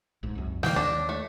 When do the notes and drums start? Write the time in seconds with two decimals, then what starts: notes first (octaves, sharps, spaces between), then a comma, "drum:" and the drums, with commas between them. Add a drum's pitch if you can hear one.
0.23 A#1 G#2
0.35 C2 F#2
0.63 E3 A#3 G5, drum: snare
0.76 D#2 D4 A#6
0.97 C#5
1.09 A3